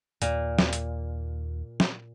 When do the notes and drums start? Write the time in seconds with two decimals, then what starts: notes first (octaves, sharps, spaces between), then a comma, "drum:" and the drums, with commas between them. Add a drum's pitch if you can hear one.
0.22 D#2 A#2, drum: hi-hat
0.59 drum: snare
0.73 drum: hi-hat
1.80 drum: snare